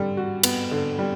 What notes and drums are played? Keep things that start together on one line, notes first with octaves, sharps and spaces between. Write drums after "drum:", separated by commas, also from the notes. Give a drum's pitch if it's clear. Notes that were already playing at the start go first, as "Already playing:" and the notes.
Already playing: D3 G3
F#4
B3, drum: cymbal
D3
G3